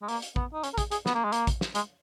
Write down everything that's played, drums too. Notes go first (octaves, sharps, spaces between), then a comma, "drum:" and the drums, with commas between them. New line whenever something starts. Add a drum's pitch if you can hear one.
G#3
A#3, drum: open hi-hat
drum: hi-hat
B3, drum: kick
D#4
C#4, drum: hi-hat
A#4
G#4, drum: kick, hi-hat
G#4, drum: hi-hat
B3, drum: snare
A#3
G#3
A#3, drum: hi-hat
drum: kick, hi-hat
drum: snare
G#3, drum: hi-hat